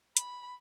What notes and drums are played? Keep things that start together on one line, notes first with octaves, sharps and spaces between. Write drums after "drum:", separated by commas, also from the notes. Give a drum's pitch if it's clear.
B5, drum: hi-hat